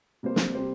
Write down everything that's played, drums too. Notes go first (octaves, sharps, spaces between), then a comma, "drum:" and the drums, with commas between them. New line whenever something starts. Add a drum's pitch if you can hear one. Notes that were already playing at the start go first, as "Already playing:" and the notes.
C3 G3 A#3 G4 C5
drum: snare
C3 G3 A#3 G4 C5